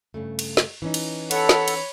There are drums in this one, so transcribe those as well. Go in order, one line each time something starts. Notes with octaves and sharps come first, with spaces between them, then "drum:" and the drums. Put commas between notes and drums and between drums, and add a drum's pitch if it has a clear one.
G2 C#3 A3
drum: cymbal
drum: snare
E3 C#4 D#4
drum: cymbal
A4 C#5 F#5 B5, drum: cymbal
drum: snare
drum: cymbal